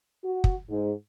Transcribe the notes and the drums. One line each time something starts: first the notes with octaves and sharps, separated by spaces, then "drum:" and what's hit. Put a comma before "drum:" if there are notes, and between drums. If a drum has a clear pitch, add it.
F#4
drum: kick
G#2